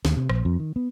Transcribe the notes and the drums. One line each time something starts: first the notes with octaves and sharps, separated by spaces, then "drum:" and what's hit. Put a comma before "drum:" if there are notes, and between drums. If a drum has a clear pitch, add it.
D#2, drum: snare
C3
A#1, drum: rim click
F2
D#3
B3